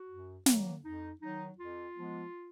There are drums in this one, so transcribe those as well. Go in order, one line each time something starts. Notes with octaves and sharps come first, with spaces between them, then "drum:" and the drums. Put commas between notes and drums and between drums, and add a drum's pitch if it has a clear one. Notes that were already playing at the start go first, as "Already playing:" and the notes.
Already playing: F#4
F#2
D#3 F#3 A#3, drum: snare
F2 D#4
D#3 F#3 D#4
F2 F4
F3 G#3 B3